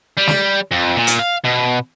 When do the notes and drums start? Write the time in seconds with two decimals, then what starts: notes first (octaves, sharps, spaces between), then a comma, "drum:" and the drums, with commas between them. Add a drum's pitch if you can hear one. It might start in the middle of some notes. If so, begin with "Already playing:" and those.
0.17 G3
0.27 drum: snare
0.71 F2
0.97 A#2
1.07 drum: hi-hat
1.19 F5
1.44 B2